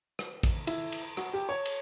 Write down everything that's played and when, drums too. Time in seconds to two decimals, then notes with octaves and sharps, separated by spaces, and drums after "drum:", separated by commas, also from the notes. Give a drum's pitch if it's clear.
0.19 drum: rim click
0.43 drum: kick A1, cymbal
0.67 E4, drum: cymbal
0.92 drum: cymbal
1.17 F#4, drum: rim click
1.34 G4
1.49 C#5
1.65 drum: cymbal